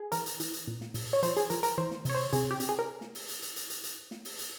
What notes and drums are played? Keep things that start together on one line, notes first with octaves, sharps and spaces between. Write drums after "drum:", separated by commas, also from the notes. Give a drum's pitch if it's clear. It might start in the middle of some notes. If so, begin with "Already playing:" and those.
Already playing: G#4
E3 A#4, drum: hi-hat
drum: hi-hat
E3, drum: hi-hat
drum: hi-hat
A#2
drum: snare
A#2, drum: open hi-hat
C#5
F3 C5, drum: hi-hat
G#4, drum: hi-hat
F3 A#4, drum: hi-hat
A#4, drum: hi-hat
E3 C5
drum: snare
C3 C#5, drum: open hi-hat
C5
C3 G#4, drum: hi-hat
G4
C3, drum: hi-hat
G#4
A#4
drum: snare
drum: open hi-hat
drum: hi-hat
drum: hi-hat
drum: hi-hat
drum: hi-hat
drum: hi-hat
drum: snare
drum: open hi-hat
drum: hi-hat